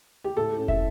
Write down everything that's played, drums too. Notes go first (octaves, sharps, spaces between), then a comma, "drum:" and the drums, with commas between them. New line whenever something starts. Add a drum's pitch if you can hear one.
G4
A2 A4
C#4
E5, drum: kick